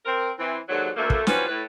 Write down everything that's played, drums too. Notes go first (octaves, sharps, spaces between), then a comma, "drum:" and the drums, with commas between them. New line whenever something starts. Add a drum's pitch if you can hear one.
C4 A#4
E3 C4
D#2 G#2 D3 F#3
D2 A3 A#3
drum: kick
E3 F3 G3 C#4 F#4 B4, drum: snare
A2 B4